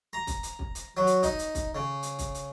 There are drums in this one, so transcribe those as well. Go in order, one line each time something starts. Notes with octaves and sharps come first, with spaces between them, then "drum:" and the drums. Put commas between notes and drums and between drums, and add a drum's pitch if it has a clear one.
A#5
drum: kick, hi-hat
drum: hi-hat
drum: kick
drum: hi-hat
F#3
drum: hi-hat
D#4, drum: kick, hi-hat
drum: hi-hat
drum: kick, hi-hat
C#3
drum: hi-hat
drum: kick, hi-hat
drum: hi-hat